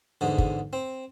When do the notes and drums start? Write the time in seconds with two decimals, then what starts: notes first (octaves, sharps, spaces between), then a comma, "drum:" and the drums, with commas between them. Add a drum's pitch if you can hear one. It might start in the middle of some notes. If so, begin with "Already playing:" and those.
0.21 E2 G#2 D3
0.38 drum: kick
0.73 C4